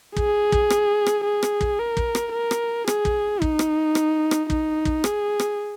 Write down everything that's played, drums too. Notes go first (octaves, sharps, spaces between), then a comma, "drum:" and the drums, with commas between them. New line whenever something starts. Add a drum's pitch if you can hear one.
G#4, drum: kick
drum: kick
drum: rim click
drum: rim click
G#4
drum: rim click
drum: kick
A#4
drum: kick
drum: rim click
A#4
drum: rim click
G#4, drum: rim click
drum: kick
D#4, drum: kick
drum: rim click
drum: rim click
drum: rim click
D#4, drum: kick
drum: kick
G#4, drum: rim click
drum: rim click